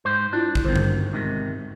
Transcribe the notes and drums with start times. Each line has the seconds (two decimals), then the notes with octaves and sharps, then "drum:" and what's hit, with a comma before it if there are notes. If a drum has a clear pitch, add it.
0.05 G#2 C5
0.33 D4 E4 F4
0.55 drum: kick
0.65 G2 D3 D#3 B3
0.76 drum: tom G2
1.13 G#2 C3 D#3